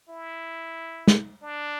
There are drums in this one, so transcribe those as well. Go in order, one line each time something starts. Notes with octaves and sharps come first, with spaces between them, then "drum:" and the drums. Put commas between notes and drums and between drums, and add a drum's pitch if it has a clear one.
E4
drum: snare
D4